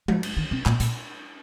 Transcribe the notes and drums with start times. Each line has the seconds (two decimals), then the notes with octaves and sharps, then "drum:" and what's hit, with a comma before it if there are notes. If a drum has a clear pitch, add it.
0.08 F3, drum: tom G#3
0.23 drum: cymbal
0.37 D#3
0.51 C3
0.66 A#2, drum: clap
0.80 A#2, drum: hi-hat